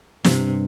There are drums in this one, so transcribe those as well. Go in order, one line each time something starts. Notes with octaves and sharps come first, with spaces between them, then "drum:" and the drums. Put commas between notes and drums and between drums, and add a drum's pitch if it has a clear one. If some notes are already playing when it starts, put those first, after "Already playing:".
G2 C3, drum: snare